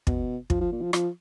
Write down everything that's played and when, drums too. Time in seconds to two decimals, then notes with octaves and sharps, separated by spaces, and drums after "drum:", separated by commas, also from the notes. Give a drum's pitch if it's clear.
0.07 B2, drum: kick
0.50 F3, drum: kick
0.61 F3
0.72 A#2
0.82 F3
0.93 F3, drum: rim click